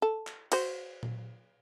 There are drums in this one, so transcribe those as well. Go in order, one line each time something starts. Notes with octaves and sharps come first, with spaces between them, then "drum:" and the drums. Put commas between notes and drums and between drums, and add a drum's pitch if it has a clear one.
A4
drum: clap
F#4 C5, drum: cymbal
drum: tom A#2